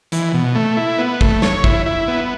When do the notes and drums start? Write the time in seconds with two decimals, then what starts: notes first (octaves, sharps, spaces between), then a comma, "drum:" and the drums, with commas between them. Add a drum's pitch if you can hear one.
0.12 E3, drum: hi-hat
0.34 B2
0.55 A3
0.77 E4
0.98 B3
1.21 A3, drum: kick
1.42 C#5, drum: snare
1.64 E4, drum: kick
1.86 E4
2.08 B3